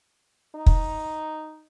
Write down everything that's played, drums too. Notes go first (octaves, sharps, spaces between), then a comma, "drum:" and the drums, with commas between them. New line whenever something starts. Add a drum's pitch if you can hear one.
D#4
drum: kick